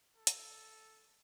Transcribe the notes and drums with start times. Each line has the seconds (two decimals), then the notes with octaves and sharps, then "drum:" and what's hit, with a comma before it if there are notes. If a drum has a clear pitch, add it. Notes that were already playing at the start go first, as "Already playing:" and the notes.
0.17 A4
0.27 drum: hi-hat